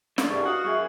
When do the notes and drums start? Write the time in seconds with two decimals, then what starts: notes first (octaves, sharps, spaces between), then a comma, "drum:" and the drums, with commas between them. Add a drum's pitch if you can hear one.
0.18 F3 D5, drum: snare
0.29 C2 G2 G#4 C#6
0.45 F#4 D#5 F5 F#5 D#6
0.64 F#2 G#4 C#6